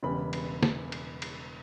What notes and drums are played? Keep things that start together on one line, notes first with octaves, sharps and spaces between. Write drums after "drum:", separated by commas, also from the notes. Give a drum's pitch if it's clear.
E1 E2 C#3 G3 B3 B5
drum: cymbal
drum: snare
drum: cymbal
drum: cymbal